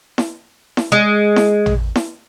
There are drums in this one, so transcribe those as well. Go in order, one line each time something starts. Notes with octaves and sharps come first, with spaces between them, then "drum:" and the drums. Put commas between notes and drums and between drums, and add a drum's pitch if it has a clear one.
drum: snare E4
drum: snare E4
G#3
drum: snare E4
drum: tom
drum: snare E4